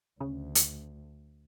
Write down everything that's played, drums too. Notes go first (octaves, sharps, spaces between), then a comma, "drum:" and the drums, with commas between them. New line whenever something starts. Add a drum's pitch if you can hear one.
D2 C#3
drum: hi-hat